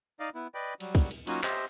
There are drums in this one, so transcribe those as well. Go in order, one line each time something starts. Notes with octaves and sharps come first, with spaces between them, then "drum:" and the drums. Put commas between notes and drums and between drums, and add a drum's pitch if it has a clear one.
D#4 D5 D#5 F5
B3 E4
B4 D5 D#5 G5 B5
F#3 G3, drum: cymbal
drum: kick, cymbal
drum: cymbal
F#3 A#3 C#4 D#4 F4 F#4, drum: cymbal
G4 C5 D#5 E5, drum: clap